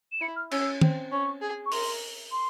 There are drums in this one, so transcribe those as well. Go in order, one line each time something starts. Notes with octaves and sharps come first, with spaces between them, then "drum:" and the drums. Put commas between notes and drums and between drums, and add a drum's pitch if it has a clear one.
E7
E4 C#7
F6
C#4 E6, drum: cymbal
C4, drum: tom
C#4 C#6
G#4
C#6
A#4 C6, drum: open hi-hat
C6